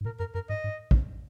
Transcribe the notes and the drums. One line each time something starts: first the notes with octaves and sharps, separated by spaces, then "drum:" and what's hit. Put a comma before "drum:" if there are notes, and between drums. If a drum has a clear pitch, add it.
G#2
A#2 A#4
F#2 A#4
F#2 A#4
G#2 D#5
G#2
drum: kick